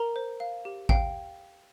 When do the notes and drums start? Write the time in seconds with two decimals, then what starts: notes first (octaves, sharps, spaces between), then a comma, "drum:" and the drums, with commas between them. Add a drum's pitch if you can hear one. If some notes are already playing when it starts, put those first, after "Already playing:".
Already playing: A#4 A#5
0.16 C5
0.40 F5
0.65 G4
0.89 F5 G5, drum: kick A1